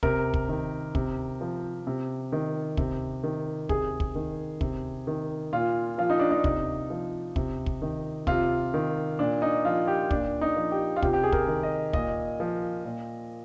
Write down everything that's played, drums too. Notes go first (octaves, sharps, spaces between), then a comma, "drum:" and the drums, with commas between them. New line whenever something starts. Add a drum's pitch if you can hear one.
C3 A#4, drum: kick
drum: kick
D#3
C3, drum: kick
F3
C3
D#3
C3, drum: kick
D#3
C3 G#4, drum: kick
drum: kick
D#3
C3, drum: kick
D#3
A#2 F4
F3 F4
D#4
D4
D#4
C3, drum: kick
F3
C3, drum: kick
drum: kick
D#3
C3 F4, drum: kick
D#3
A#2 D4
D#4
F3 F4
G4
A#2 D4, drum: kick
D#4
F3
G4
F4
C3 G4, drum: kick
G4
G#4
A#4, drum: kick
D#3
D#5
A#2 D#5, drum: kick
F3
A#2